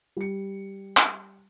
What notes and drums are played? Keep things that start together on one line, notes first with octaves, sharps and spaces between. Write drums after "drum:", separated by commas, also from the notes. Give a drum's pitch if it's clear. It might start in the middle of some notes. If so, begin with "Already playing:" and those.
G3 C#7
drum: clap